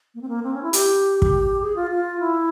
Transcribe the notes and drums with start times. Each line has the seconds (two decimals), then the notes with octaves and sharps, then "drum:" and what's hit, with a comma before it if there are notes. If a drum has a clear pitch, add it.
0.15 A#3
0.22 C4
0.29 A#3
0.43 C4
0.54 C#4
0.63 E4
0.73 G4, drum: hi-hat
1.22 drum: kick
1.61 G#4
1.76 F4
1.91 F4
2.20 E4